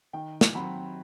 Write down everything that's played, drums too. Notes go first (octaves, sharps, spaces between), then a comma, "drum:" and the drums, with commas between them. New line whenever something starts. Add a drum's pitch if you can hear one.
D#3 G5
drum: snare
F#3 C4 B5